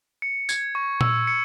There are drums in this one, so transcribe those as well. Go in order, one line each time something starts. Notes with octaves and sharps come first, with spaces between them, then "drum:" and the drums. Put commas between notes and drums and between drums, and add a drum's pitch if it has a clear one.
C#7
G#6, drum: tambourine
C#6
E6, drum: tom A#2
C#7